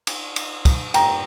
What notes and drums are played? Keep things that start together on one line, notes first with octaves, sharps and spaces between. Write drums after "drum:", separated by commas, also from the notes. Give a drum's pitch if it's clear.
drum: cymbal
drum: cymbal
drum: kick, cymbal
G5 A#5, drum: cymbal